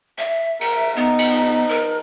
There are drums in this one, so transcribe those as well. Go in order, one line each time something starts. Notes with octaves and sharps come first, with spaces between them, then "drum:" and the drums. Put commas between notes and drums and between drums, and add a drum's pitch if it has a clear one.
E5
A#4, drum: cymbal
B3 D#4
drum: cymbal
A#4